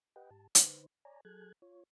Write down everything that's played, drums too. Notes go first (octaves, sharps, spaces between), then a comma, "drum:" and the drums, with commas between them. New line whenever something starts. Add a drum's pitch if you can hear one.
G4 B4 D#5 F#5 G5
G#2 G4 A5
D3 D#4 B4 C5, drum: hi-hat
C#5 D5 G#5 A#5
F#3 G#4 A4 F#6 G#6
F4 C#5